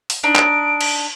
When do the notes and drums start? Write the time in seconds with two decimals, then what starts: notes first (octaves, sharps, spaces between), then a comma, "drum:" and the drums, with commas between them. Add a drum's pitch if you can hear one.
0.10 drum: open hi-hat
0.23 D4 D#4 D7
0.35 drum: clap
0.81 drum: cymbal